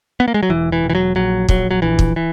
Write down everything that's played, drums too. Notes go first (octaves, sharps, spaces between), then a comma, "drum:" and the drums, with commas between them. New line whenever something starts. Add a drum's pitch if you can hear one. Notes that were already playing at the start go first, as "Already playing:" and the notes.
B3
A#3
G#3
F#3
E1 E3
E3
E1
E3
F#3
A#1 F#3
A#1 F#3, drum: kick
F#3
A#1 E3
drum: kick
E3